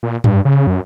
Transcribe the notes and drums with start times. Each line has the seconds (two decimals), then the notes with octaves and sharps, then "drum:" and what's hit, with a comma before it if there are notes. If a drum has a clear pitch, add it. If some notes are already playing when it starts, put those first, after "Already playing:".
0.03 A#2
0.24 G2, drum: tom G#2
0.45 C#3
0.67 F#2